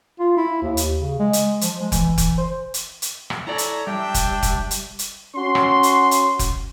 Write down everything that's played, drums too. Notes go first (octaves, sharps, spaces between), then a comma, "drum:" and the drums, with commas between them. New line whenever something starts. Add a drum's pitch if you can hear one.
F4
E4
D#2
drum: hi-hat
C#3
G#3
drum: hi-hat
F3, drum: hi-hat
G#3
E3, drum: kick F1, hi-hat
drum: kick F1, hi-hat
C5
drum: hi-hat
drum: hi-hat
drum: rim click
E4 A4 C#5 D5 A#5
drum: hi-hat
G3 D4 E5 G5
drum: kick F1, hi-hat
drum: kick F1, hi-hat
drum: hi-hat
drum: hi-hat
C#4 F#4 C6
drum: rim click
drum: hi-hat
drum: hi-hat
drum: kick F1, hi-hat